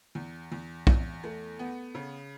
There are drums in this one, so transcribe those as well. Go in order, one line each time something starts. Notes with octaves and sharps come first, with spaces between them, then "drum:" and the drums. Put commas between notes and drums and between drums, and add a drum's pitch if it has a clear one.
E2
E2
E2, drum: kick B1
A3
B3
C#3